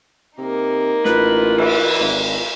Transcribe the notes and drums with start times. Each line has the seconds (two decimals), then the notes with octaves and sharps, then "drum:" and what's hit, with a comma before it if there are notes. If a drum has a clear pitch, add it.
0.38 C3 A#3 D#4
1.05 A1 F4 B4, drum: snare
1.58 E3, drum: cymbal
2.00 G#1